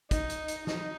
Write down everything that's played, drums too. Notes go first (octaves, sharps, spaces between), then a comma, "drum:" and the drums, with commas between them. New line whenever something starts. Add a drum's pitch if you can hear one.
D#4, drum: kick, hi-hat
drum: hi-hat
drum: hi-hat
D#4, drum: snare